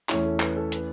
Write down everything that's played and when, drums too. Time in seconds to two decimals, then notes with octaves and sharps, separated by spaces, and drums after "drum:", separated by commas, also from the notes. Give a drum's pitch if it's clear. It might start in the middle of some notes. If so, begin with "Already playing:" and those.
0.09 E2 E3 A3 C#4 E4 C#5, drum: clap
0.25 A4
0.40 B4, drum: clap
0.56 A4
0.72 B4, drum: hi-hat